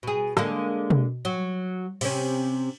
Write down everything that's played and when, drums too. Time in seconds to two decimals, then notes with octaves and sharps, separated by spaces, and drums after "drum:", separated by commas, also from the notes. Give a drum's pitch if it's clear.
0.03 B2 G#4
0.37 D3 G#3 A#3, drum: rim click
0.90 drum: tom B2
1.25 F#3
2.01 C3 C#4, drum: cymbal